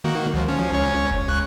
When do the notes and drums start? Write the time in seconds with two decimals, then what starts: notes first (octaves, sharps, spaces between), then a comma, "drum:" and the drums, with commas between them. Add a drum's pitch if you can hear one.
0.04 D#3 A#3 F#4
0.34 C#2 F3
0.48 F3 C#4
0.71 C#2 C#4 C#5
1.11 drum: kick F1
1.28 C#2 C#6 F#6